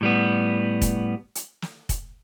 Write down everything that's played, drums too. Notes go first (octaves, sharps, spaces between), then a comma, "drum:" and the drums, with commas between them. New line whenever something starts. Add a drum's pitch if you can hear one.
A2 G3 B3
drum: kick, hi-hat
drum: hi-hat
drum: snare
drum: kick, hi-hat